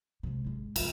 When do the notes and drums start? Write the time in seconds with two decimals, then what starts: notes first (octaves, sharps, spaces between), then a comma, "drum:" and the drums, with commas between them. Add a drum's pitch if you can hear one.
0.23 C3 G#3
0.44 G#1 G#3
0.76 C#2 B3, drum: cymbal